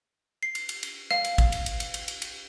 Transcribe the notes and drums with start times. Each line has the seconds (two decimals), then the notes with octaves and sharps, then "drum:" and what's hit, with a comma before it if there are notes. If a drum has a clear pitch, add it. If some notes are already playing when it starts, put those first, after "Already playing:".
0.43 C7
0.55 drum: cymbal
0.69 drum: cymbal
0.83 drum: cymbal
1.11 F5, drum: rim click
1.24 drum: cymbal
1.38 drum: kick, cymbal
1.52 drum: cymbal
1.66 drum: cymbal
1.80 drum: cymbal
1.94 drum: cymbal
2.08 drum: cymbal
2.22 drum: cymbal